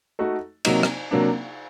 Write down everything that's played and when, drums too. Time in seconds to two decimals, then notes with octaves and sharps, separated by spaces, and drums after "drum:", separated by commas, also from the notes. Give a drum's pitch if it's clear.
0.19 A3 D#4 F#4 A4
0.65 C3 F#3 A#3 D#4, drum: cymbal
0.83 drum: rim click
1.11 C3 F#3 A#3 D4